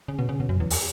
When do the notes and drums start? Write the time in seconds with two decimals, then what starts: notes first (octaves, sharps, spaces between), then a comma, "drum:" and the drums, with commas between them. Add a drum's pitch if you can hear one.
0.08 C#3
0.19 B2
0.29 C#3
0.40 B2
0.49 F#2
0.60 E2
0.70 drum: open hi-hat